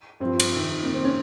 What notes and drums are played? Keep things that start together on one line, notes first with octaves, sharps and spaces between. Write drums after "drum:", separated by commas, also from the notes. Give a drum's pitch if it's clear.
G2 F3 C4
drum: cymbal
F2 C3 D#3
F2 D#3 A#3
C4
C#4